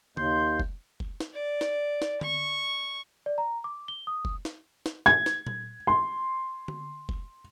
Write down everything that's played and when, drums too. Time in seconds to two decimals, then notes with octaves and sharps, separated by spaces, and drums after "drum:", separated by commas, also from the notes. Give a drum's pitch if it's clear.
0.17 D#2 C6 G6, drum: tom C#3
0.60 drum: kick F1
1.00 drum: kick F1
1.20 drum: snare
1.33 D5
1.61 drum: snare
2.02 drum: snare
2.21 C#6, drum: tom D3
3.26 D5
3.38 A#5
3.64 D6
3.88 G7
4.07 D#6
4.25 drum: kick F1
4.45 drum: snare
4.86 drum: snare
5.06 G#6
5.26 drum: snare
5.47 drum: tom A#2
5.87 C6
6.68 drum: tom D3
7.09 drum: kick F1